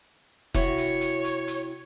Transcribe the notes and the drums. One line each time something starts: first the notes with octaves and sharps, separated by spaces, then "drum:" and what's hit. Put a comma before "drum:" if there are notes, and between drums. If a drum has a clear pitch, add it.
C3 E4 F#4 C#5, drum: kick F1, hi-hat
drum: hi-hat
drum: hi-hat
drum: hi-hat
drum: hi-hat